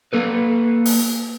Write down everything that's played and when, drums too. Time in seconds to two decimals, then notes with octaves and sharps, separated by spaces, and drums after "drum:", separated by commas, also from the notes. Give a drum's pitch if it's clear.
0.13 A#3 A4 B4
0.85 drum: open hi-hat